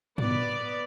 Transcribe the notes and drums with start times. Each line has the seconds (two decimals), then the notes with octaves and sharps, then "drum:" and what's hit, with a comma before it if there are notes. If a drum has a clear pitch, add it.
0.18 B3 D5, drum: tom